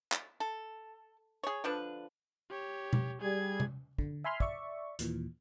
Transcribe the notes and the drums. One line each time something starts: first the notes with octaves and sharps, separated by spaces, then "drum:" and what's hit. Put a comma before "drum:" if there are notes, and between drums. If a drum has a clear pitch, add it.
drum: clap
A4
G#4 C#5
D3 F3 D4 B4
G4 C#5
drum: tom B2
G3 G#4 G#6
drum: tom C3
D3, drum: kick
E5 G#5 B5 C6 F6
D5 E5 C#6, drum: kick
D#2 A#2 E3, drum: hi-hat